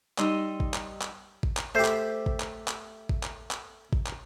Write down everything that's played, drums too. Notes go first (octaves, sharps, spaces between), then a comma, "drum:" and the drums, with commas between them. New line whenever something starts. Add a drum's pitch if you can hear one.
G3 D#4 D#5 C6 E6, drum: clap
drum: kick G#1
drum: clap
drum: clap
drum: kick G#1
drum: clap
A3 G4 C5
drum: clap
drum: kick G#1
drum: clap
drum: clap
drum: kick G#1
drum: clap
drum: clap
drum: kick G#1
drum: clap